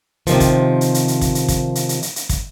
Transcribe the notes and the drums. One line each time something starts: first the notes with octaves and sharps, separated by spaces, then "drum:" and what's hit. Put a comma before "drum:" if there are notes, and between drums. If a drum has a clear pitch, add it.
C3 D#3 F3, drum: hi-hat
drum: kick, hi-hat
drum: hi-hat
drum: hi-hat
drum: hi-hat
drum: kick, hi-hat
drum: hi-hat
drum: kick, hi-hat
drum: hi-hat
drum: hi-hat
drum: hi-hat
drum: hi-hat
drum: kick, hi-hat